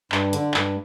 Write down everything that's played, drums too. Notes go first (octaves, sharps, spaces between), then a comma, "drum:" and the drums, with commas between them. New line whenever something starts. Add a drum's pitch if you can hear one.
G2, drum: clap
D3, drum: hi-hat
G2, drum: clap